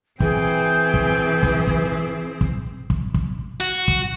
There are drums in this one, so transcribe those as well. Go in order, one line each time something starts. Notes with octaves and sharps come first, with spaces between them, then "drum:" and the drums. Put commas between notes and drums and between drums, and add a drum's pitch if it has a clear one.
E3 C4 G#4 G5, drum: kick
drum: kick
drum: kick
drum: kick
drum: kick
drum: kick
drum: kick
F#4
drum: kick